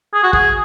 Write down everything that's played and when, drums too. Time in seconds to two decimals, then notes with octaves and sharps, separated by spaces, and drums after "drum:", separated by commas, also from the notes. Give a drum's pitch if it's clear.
0.14 G#4
0.23 F#4
0.33 G#4, drum: kick